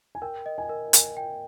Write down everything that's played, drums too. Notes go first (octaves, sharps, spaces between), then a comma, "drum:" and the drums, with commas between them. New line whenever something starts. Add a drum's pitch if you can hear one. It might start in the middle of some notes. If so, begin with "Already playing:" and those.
G#5
A#4 G5
D#5
G#5
A#4
A#4 G#5, drum: hi-hat
G5